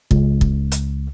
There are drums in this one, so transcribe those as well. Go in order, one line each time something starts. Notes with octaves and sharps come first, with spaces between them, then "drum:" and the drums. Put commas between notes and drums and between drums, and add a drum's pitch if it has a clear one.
C#2, drum: kick
drum: kick
drum: hi-hat